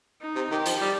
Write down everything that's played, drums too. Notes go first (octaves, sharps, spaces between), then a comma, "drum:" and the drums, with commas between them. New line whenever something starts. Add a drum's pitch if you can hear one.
D#4
C3
D#3 G4
F3, drum: hi-hat
G3